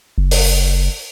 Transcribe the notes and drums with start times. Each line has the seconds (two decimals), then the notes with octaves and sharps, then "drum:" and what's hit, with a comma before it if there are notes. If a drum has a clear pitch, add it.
0.18 F#1
0.31 drum: open hi-hat